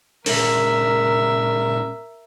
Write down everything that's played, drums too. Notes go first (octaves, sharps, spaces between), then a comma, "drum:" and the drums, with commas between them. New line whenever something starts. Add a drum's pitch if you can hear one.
A#2 G#3 C#4 A#4 E5, drum: open hi-hat